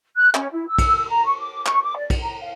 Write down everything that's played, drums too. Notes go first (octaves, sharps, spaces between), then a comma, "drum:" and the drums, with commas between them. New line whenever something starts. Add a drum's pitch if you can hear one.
F#6
C#4, drum: clap
E4
E6
drum: kick, cymbal
A#5
C#6
D6
C#6, drum: clap
D6
D5
drum: kick, cymbal
A#5
F5